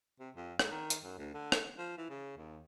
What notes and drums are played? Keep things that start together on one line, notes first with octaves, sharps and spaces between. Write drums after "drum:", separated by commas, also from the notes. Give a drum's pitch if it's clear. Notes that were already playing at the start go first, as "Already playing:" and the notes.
C3
F2
G#2, drum: rim click
D#3
drum: hi-hat
F#2
D2
D3
drum: rim click
F3
E3
C#3
D#2